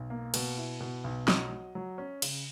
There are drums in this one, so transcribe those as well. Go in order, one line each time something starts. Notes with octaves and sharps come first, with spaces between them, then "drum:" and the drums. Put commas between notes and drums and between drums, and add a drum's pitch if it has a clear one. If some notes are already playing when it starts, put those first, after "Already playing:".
Already playing: B1
A#3
B2, drum: cymbal
E4
B2
B1
F#3 D#5, drum: snare
F#3
F#3
C#4
C#3, drum: cymbal